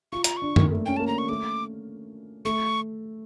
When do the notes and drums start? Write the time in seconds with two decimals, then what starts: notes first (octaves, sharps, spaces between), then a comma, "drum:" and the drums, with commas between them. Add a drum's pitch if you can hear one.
0.12 F4 C#6
0.24 A#5, drum: hi-hat
0.37 C#6
0.42 D4
0.56 A#3, drum: tom F#2
0.71 A3
0.86 C#4 G5
0.97 A#3 A5
1.07 A#5
1.18 C#6
1.29 A3 D6
2.45 A3 C#6